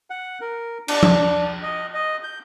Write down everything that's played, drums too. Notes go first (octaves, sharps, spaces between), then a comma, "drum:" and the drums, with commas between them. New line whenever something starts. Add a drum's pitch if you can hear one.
F#5
A#4
D4, drum: cymbal
drum: tom F3
D#5
D#5
G6